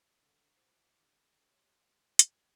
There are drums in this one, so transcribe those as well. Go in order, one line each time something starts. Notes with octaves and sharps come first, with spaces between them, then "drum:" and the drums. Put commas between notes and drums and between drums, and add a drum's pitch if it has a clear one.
D3 C#6
E4 F#4 G#4 C5 C#5 D6 C7
D3 G3 G4 E5
F4 C#5
G3 G#3 C#4
G#6, drum: hi-hat